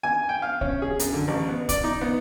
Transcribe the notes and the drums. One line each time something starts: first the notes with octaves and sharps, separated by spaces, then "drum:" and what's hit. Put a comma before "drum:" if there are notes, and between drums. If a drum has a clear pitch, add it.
G#5
G5
F5
C#4, drum: kick
G#4
F#2, drum: hi-hat
D3
A1
B3
D5, drum: kick, hi-hat
D#4
B3